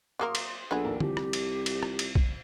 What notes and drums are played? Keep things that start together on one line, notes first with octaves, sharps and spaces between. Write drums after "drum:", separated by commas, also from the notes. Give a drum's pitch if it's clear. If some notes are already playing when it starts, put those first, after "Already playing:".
F#3 A#3 A#4 C6 D6 D#6
drum: cymbal
A#1 B3 G#4 A4
D#2 D4 A#4
C2 F3 G4, drum: tom D3
drum: rim click
drum: cymbal
drum: cymbal
drum: rim click
drum: cymbal
drum: kick B1